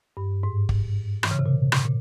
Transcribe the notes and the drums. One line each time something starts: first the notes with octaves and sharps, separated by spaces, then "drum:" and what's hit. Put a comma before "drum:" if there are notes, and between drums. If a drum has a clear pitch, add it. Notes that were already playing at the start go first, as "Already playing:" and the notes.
G2
G#2
drum: kick
E3, drum: rim click
C#3
C3
A#2
drum: rim click
A#2